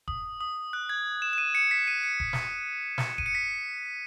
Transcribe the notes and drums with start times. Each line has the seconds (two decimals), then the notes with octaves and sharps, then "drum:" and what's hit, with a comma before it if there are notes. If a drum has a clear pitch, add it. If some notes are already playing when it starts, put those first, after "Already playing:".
0.08 D#6, drum: kick E1
0.41 D#6
0.73 F#6
0.89 G#6
1.22 E7
1.33 E7
1.38 D#7
1.55 C#7
1.71 B6
1.88 D#7
2.04 C#7
2.20 drum: kick E1
2.33 drum: snare
2.98 drum: snare
3.18 D#7, drum: kick E1
3.26 C#7
3.35 B6